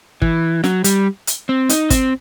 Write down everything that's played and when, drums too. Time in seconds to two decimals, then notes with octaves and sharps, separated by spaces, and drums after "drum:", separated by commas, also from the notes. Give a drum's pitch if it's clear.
0.22 E3, drum: kick
0.64 F#3, drum: snare
0.84 G3, drum: hi-hat
1.27 drum: hi-hat
1.49 C4
1.69 D#4, drum: hi-hat
1.90 C4, drum: kick, hi-hat